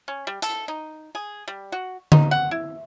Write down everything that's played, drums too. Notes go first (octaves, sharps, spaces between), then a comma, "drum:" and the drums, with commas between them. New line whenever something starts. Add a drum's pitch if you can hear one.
C#4
G3
A4, drum: hi-hat
D#4
G#4
G3
F#4
D#4, drum: tom D3
F#5
E4